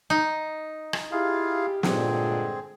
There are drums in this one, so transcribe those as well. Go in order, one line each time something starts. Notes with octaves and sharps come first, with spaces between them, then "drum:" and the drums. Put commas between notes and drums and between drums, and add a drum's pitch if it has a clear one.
D#4
drum: rim click
E4 F4 G4 G#4 F5
G2 A#2 D3 G#3 C4 G#4, drum: snare